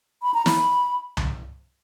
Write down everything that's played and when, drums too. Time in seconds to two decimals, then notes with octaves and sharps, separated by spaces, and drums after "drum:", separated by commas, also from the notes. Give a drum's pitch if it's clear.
0.23 B5
0.34 A#5
0.46 B5, drum: snare
1.17 drum: tom C2